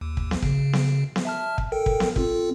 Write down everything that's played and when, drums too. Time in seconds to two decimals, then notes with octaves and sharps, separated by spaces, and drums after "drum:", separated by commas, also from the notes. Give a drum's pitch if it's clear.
0.01 D#2
0.17 drum: kick
0.31 drum: snare B3
0.42 C#3, drum: kick
0.73 drum: snare B3
1.16 drum: snare B3
1.25 E5 A5 F6
1.58 drum: kick
1.72 A4 A#4 G5
1.86 drum: kick
2.00 drum: snare B3
2.16 C4 F4 A4, drum: kick